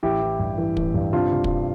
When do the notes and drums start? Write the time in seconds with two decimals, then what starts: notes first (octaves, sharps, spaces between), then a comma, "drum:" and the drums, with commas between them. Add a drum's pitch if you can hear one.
0.03 A1 E4 G4
0.22 E3
0.39 G2
0.58 E3
0.77 A1, drum: kick
0.94 G2
1.13 C3 D4 F4
1.31 C3
1.44 drum: kick